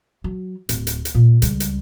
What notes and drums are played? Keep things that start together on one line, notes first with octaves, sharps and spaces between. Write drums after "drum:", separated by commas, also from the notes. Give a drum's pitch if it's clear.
F#3
D1, drum: hi-hat
drum: hi-hat
drum: hi-hat
A#2
C#2 G3, drum: hi-hat
drum: hi-hat